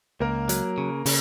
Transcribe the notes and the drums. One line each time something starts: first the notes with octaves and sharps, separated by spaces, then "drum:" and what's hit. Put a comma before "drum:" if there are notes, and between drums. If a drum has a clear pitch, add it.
C#2 A#3 A#4
F#3, drum: hi-hat
C#3
C#3, drum: open hi-hat